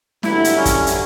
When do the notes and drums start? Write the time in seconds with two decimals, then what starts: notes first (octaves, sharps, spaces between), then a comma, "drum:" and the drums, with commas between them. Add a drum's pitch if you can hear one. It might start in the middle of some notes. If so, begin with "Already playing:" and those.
0.23 G2 D3 F#3 E4, drum: snare
0.44 drum: hi-hat
0.55 C#4
0.65 drum: kick, hi-hat
0.87 drum: hi-hat